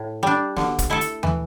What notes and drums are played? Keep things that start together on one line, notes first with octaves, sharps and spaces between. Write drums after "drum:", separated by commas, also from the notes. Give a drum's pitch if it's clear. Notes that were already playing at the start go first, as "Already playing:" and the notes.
Already playing: A2
G3 D4
D3, drum: snare
drum: kick, hi-hat
A3 E4 A4
drum: hi-hat
E3, drum: tom D#2